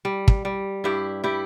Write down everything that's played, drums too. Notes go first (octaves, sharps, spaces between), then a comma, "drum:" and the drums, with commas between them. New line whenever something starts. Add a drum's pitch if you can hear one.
G3
drum: kick
G3
G2 E4 G4
G3 E4 G4